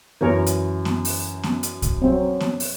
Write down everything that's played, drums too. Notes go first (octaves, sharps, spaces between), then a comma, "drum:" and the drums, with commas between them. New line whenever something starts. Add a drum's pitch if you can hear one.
F#2 E3 A#4 C#5
drum: hi-hat
drum: snare B3
drum: open hi-hat
drum: snare B3
drum: hi-hat
drum: kick C2, hi-hat
F#3 C4
drum: snare B3
drum: open hi-hat